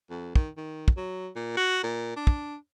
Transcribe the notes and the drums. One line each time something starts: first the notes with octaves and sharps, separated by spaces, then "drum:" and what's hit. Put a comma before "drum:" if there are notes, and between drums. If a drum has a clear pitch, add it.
F2
D#3, drum: kick
D#3
drum: kick
F#3
A#2
F#4
A#2
D4
drum: kick